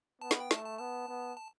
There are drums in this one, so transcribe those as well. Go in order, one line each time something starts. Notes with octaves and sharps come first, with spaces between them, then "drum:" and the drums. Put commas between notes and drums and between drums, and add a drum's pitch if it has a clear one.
B3 A5
B5, drum: snare
G5
A3 A5, drum: snare
A5
B3 A5
B3
A5